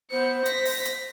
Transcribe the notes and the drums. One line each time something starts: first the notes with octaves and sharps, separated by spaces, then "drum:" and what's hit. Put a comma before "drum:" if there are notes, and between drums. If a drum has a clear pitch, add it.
B3 C5 C#7
A#6 B6, drum: hi-hat
drum: open hi-hat
drum: hi-hat